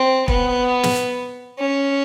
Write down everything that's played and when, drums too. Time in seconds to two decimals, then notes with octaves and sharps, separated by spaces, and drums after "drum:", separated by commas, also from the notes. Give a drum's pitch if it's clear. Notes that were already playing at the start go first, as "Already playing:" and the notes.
Already playing: C4
0.28 B3, drum: kick
0.83 drum: snare
1.59 C#4